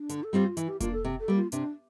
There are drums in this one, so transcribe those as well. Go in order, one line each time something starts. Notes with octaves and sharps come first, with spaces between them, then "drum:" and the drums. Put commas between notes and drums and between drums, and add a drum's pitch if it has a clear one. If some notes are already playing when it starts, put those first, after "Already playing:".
Already playing: D4
D3, drum: hi-hat
A4
G3 C4 F4 G4 C5
F4
E3 E4, drum: hi-hat
G4
A#3 D4 F4, drum: kick F1, hi-hat
A4
C3
A4
G3 A#3
F4
C3 D4, drum: hi-hat